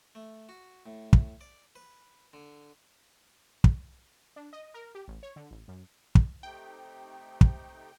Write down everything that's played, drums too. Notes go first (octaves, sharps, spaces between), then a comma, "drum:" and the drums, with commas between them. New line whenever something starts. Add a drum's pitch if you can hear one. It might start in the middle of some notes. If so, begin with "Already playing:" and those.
A3
F#4
A2
drum: kick
D5
B4
D3
drum: kick
D4
D#5
A#4
G4
A1
C#5
D3
A1
F#2
drum: kick
C3 A3 D#4 G5
drum: kick